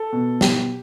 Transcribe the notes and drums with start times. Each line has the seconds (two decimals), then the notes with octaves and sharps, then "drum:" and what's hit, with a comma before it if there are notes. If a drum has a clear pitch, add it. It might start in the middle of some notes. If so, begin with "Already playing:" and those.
Already playing: A4
0.12 B2
0.41 B2 G4, drum: snare